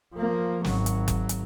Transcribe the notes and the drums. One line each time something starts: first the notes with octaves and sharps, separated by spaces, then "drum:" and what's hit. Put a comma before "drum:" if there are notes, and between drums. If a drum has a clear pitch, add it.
F3 A#3
G#1 F#3, drum: snare
drum: hi-hat
drum: kick F#1, hi-hat
drum: hi-hat